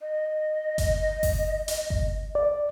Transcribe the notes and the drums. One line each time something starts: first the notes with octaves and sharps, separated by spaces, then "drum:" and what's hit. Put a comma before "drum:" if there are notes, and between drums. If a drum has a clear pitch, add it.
D#5
drum: kick G1, hi-hat
drum: kick G1, open hi-hat
drum: hi-hat
drum: kick G1
D5